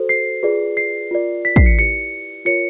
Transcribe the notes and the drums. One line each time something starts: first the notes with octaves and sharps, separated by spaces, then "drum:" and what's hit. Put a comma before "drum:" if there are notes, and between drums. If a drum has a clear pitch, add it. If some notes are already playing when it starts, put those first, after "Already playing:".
Already playing: F#4 A4 C5
C7
F4 G#4 B4 D5
C7
F4 A#4 D5
B6
C7, drum: kick
C#7
E4 G4 B4 D5 C#7
F4 A#4 C#5 C#7